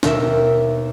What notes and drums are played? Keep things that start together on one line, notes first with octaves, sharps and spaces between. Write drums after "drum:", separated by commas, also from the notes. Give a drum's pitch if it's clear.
D#2 B2 A#4 E5, drum: snare